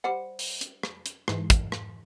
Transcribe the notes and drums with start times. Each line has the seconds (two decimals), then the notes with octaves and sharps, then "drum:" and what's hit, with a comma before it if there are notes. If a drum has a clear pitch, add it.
0.04 G3 C5 F#5
0.39 drum: open hi-hat
0.61 drum: hi-hat
0.83 drum: rim click
1.06 drum: hi-hat
1.28 G#2 E3, drum: rim click
1.50 drum: kick, hi-hat
1.72 drum: rim click